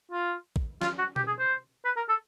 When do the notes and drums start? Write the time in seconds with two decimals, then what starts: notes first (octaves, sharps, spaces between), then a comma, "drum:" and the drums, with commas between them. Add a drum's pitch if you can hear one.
0.12 F4
0.56 drum: kick A#1
0.81 F4, drum: snare
0.98 F#4
1.16 G4, drum: tom B2
1.27 G#4
1.39 C5
1.85 B4
1.97 A#4
2.09 A4